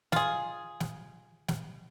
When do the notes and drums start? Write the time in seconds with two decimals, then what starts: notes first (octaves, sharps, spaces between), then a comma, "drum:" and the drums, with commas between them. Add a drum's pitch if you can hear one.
0.12 F4 G#4, drum: snare
0.80 drum: snare
1.48 drum: snare